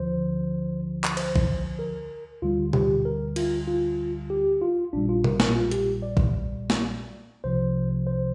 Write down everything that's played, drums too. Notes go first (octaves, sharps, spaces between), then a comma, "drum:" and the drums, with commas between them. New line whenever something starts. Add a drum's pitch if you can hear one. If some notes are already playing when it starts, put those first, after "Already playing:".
Already playing: D2 D3 F3 C5
drum: clap
C5, drum: cymbal
drum: kick A#1
A#4
D2 D3 G3 F4
G4, drum: tom B2
A#4
F4, drum: cymbal
F4
G4
F4
A#1 A#2 G3 D4
F4
A#4, drum: tom B2
A#4, drum: snare
F4
G4, drum: hi-hat
D5
drum: kick A#1
drum: snare
C2 C3 F3 C5
C5